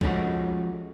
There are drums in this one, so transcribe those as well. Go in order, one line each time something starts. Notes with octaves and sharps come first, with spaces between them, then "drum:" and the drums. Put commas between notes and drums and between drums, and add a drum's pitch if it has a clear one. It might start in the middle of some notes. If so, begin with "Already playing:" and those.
F3 G#3 A3 C#4 D#4 F#4, drum: kick C2